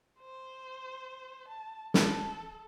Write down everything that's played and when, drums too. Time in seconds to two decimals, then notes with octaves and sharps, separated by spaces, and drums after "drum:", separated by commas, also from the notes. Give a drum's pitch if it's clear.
0.20 C5
1.48 A5
1.94 A4, drum: snare